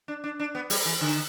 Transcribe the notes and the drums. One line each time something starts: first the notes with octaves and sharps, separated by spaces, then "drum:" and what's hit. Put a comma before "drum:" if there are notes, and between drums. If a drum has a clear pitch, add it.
D4
D4
D4
B3
G3, drum: open hi-hat
E3
D3